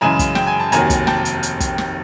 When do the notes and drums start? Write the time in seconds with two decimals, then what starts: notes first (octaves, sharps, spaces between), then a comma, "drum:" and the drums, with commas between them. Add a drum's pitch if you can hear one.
0.01 F#2 C#3 E3 G#3 G#5 A#5
0.19 drum: kick, hi-hat
0.35 G5, drum: snare
0.47 G#5
0.60 A5
0.72 F1 D#2 D#3 F#3 G#5 A#5, drum: hi-hat
0.90 drum: kick, hi-hat
1.07 G5 A5, drum: snare
1.25 drum: hi-hat
1.43 drum: hi-hat
1.60 drum: kick, hi-hat
1.78 drum: snare